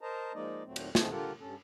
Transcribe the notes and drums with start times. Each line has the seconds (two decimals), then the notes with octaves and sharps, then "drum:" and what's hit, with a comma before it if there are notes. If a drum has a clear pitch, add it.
0.01 A#4 C5 D#5 A5 A#5
0.35 F3 G#3 A#3 D#4 D5 D#5
0.66 D#2 A#2 F#3 A3 C4
0.76 drum: cymbal
0.95 D#3 F3 A3 C4 G#4 A4, drum: snare
1.10 D3 F4 G4 A4 A#4 F#5
1.40 G2 C#4 A4